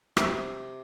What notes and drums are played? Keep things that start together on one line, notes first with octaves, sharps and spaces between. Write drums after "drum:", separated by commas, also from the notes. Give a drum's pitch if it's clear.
C3, drum: rim click